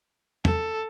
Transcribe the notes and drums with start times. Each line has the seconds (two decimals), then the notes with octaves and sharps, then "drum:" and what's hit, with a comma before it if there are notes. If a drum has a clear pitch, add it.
0.45 A4, drum: tom